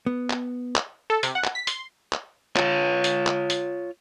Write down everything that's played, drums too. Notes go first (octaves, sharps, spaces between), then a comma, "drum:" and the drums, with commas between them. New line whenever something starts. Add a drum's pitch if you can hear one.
B3
drum: clap
drum: clap
A4
C3, drum: hi-hat
F#5
drum: clap
B6
C6, drum: hi-hat
drum: clap
F4 C#5, drum: clap
drum: hi-hat
drum: clap
drum: hi-hat